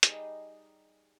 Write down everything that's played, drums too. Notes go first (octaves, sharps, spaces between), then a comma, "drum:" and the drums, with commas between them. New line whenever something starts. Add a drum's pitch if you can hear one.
G3 D#4 G#4 D#5, drum: hi-hat